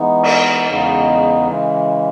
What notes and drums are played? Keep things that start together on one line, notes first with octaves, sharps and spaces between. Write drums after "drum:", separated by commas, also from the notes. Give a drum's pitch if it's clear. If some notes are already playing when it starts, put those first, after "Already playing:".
Already playing: E3 G#3 B3 D#4
drum: cymbal
E2 C#3 G#3 B3 D#4
C#3 E3 G#3